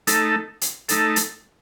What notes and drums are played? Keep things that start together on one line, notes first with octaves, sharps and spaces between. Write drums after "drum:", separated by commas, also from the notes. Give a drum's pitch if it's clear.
A3 D#4 A4, drum: hi-hat
drum: hi-hat
A3 D#4 A4, drum: hi-hat
drum: hi-hat